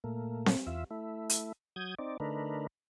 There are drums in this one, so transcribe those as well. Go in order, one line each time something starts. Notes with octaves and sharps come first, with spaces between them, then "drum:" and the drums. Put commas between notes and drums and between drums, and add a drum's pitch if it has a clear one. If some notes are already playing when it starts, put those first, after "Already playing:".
A#2 A3 A#3
drum: snare C4
E2 F4 E5
A3 E4
drum: hi-hat
F#3 D#6 G6 G#6
C4 D#4 D5
D3 A3 D4 D#4 A#4 B4